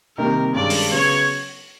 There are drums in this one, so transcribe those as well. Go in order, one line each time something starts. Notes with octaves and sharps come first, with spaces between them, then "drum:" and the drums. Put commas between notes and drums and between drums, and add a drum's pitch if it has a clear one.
C3 D#3 G3 A#3 D#4 A#4
G2 D#3 G#3 C#4 D5
drum: open hi-hat
C#3 F#3 B3 C#5